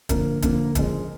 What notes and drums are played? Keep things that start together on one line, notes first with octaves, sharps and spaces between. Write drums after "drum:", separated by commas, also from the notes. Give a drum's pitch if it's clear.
D3 F3 A#3 A#4, drum: kick, hi-hat
D3 F3 A#3, drum: kick, hi-hat
C#3 F3 G#3, drum: kick, hi-hat